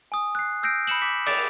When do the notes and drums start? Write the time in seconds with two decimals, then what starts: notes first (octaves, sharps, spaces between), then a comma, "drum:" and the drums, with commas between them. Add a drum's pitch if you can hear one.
0.12 G#5 D#6
0.35 F#6 C7
0.63 E6 G6 A#6 C7 D7
0.87 B5 G6 C#7 E7 F#7, drum: tambourine
1.02 D6 B6
1.26 D6 A6 D7 F7, drum: cymbal